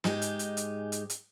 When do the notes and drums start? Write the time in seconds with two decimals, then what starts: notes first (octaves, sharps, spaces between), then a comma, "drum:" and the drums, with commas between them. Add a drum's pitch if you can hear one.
0.04 G#2 G#3 D#4 G4, drum: snare
0.22 drum: hi-hat
0.39 drum: hi-hat
0.57 drum: hi-hat
0.92 drum: hi-hat
1.10 drum: hi-hat